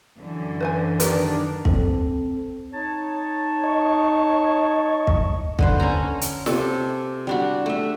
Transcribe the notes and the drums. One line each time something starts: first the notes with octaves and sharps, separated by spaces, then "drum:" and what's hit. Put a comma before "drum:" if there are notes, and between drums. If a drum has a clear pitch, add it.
F#2 D3 E3
B4 C5 G#5
D#3 D4 G4 A#4 B4, drum: hi-hat
C4 A4, drum: kick
D#4 C#5 A5
D#5 C#6
drum: kick
D3 B4 C5, drum: kick
C#4 A4 A#5
drum: hi-hat
C3 A4, drum: snare
G3 D4 F#4
A3 E5